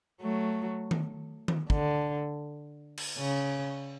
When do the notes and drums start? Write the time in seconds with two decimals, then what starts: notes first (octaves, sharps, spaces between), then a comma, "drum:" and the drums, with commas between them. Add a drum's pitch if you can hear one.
0.22 F#3 A3
0.91 drum: tom D#3
1.48 drum: tom D#3
1.70 D3, drum: kick
2.98 drum: cymbal
3.18 C#3